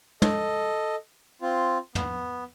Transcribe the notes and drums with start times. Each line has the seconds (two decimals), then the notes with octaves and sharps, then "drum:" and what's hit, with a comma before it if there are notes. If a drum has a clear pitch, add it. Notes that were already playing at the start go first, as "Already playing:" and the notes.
0.22 A4 D#5, drum: tom
1.42 C4 F4
1.95 B3, drum: tom